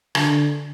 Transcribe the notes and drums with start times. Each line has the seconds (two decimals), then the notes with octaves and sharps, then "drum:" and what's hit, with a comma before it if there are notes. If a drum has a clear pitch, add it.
0.15 D3, drum: rim click